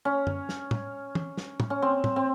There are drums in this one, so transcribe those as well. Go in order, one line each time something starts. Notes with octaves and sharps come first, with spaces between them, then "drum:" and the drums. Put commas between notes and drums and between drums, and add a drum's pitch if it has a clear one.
C#4
drum: tom F#2
drum: snare
drum: tom
drum: tom
drum: snare
drum: tom
C#4
C4
drum: tom
C4